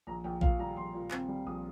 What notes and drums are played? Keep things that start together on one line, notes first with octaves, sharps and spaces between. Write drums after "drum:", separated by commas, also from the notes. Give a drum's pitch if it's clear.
A#1 A#5
A#1 G5
A#2 F5, drum: kick A#1
G3 A#5
A#1 C6
A#2
C4, drum: clap
G3
A#1 D#6